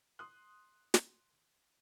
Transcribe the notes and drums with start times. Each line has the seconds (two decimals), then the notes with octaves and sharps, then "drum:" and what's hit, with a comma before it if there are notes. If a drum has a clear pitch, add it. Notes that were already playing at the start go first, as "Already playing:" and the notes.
0.19 C6 D#6 F#6
0.94 drum: snare